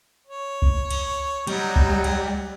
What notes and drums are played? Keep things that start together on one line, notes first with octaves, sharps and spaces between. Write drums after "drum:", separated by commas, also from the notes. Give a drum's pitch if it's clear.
C#5
drum: kick C#2
drum: cymbal
F#3 G3 D#4, drum: cymbal
drum: kick C#2
drum: cymbal